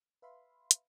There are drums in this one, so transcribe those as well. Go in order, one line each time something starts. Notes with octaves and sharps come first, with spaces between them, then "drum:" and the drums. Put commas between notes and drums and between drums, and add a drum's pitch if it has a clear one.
B4 E5 F5 B5 C6
drum: hi-hat